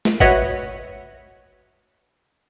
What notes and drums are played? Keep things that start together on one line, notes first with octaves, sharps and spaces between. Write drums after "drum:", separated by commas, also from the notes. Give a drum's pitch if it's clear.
drum: snare
F#4 B4 C#5 D#5 E5 F#5, drum: kick